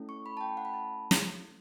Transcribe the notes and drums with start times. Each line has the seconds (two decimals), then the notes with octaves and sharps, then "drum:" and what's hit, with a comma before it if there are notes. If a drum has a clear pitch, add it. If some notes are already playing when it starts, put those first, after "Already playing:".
Already playing: A3 C#4 E4 A4
0.09 C#6
0.26 B5
0.37 A5
0.41 G5
0.57 F#5
0.65 B5
0.74 A5
1.11 drum: snare